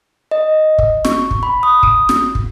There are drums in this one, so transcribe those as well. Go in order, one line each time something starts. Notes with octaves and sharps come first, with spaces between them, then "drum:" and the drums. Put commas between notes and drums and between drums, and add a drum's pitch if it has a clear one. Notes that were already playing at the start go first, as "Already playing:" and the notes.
D#5
drum: kick
C#6, drum: snare
drum: kick
B5
D#6
drum: kick
drum: snare
drum: kick